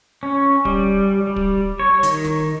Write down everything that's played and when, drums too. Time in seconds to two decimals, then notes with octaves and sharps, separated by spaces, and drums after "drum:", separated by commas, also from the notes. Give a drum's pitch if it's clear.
0.23 C#4
0.65 G3, drum: kick
1.27 G3
1.36 drum: kick
1.80 C#5
2.03 D#3, drum: hi-hat
2.24 drum: snare